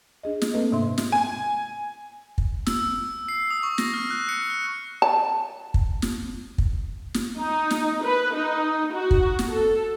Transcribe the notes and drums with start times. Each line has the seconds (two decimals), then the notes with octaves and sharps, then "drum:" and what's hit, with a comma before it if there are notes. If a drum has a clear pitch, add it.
0.23 D4 G#4 D#5
0.42 drum: snare
0.54 A3 A#3 C4 A4 B4 D#5
0.72 G#2 C3 D4 E5 C6
0.98 drum: snare
1.12 G#5
2.38 drum: kick
2.67 E6, drum: snare
3.28 C7
3.50 D#6
3.63 C#6
3.78 A#6, drum: snare
3.94 F6
4.11 F#6
4.29 C#7
4.50 F6
5.02 A5
5.74 drum: kick
6.02 drum: snare
6.58 drum: kick
7.14 drum: snare
7.37 D#4
7.70 drum: snare
8.03 B4
8.35 D#4
8.94 F#4
9.11 drum: kick
9.39 drum: snare
9.48 A4